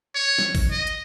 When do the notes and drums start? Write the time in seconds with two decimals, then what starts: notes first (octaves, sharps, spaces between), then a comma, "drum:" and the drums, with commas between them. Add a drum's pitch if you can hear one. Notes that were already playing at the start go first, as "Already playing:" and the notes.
0.15 C#5
0.39 drum: snare
0.55 drum: kick G#1, open hi-hat
0.71 D#5
0.87 drum: hi-hat